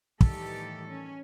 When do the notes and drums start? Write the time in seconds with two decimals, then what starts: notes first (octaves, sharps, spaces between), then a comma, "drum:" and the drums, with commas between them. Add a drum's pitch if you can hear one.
0.21 A2 D#3 E3 G3 G4 A4, drum: kick
0.88 C#4